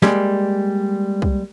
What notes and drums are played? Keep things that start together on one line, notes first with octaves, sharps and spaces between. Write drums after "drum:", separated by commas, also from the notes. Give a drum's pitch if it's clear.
G3 G#3 A#3, drum: snare
drum: kick